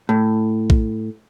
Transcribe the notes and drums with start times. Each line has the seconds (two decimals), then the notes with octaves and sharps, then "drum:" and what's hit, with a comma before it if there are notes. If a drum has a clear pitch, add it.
0.09 A2
0.70 drum: kick A#1